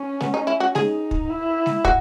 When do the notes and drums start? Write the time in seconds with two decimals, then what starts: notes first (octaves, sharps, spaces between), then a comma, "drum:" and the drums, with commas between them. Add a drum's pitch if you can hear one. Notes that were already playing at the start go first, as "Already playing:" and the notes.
Already playing: C#4
0.21 B3, drum: snare G#3
0.34 D#4
0.47 E4
0.60 F#4
0.75 D#4 G#4, drum: snare G#3
1.11 drum: kick
1.30 E4
1.66 drum: snare G#3
1.85 F#4, drum: kick